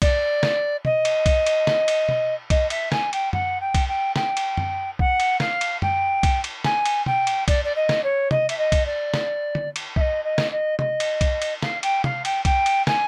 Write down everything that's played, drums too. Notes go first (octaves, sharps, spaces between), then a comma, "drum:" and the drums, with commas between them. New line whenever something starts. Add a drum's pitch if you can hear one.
D5, drum: kick B1, cymbal
drum: snare
D#5, drum: tom B2
drum: cymbal
drum: kick B1, cymbal
drum: cymbal
drum: snare
drum: cymbal
drum: tom B2
D#5, drum: kick B1, cymbal
E5, drum: cymbal
G#5, drum: snare
G5, drum: cymbal
F#5, drum: tom F#2
G5
drum: kick B1, cymbal
G5
G5, drum: snare
drum: cymbal
drum: tom F#2
F#5, drum: kick B1
drum: cymbal
F5, drum: snare
drum: cymbal
G5, drum: tom F#2
drum: kick B1, cymbal
drum: cymbal
G#5, drum: snare
drum: cymbal
G5, drum: tom B2
drum: cymbal
D5, drum: kick B1, cymbal
D5
D#5
drum: snare
C#5
D#5, drum: tom
E5, drum: cymbal
D#5
drum: kick B1, cymbal
D5
drum: snare
drum: tom D3
drum: cymbal
E5, drum: kick B1
D#5
D#5
drum: snare
D#5
D#5, drum: tom
drum: cymbal
drum: kick B1, cymbal
drum: cymbal
F5, drum: snare
G5, drum: cymbal
F5, drum: tom
G5, drum: cymbal
G5, drum: kick B1, cymbal
drum: cymbal
G#5, drum: snare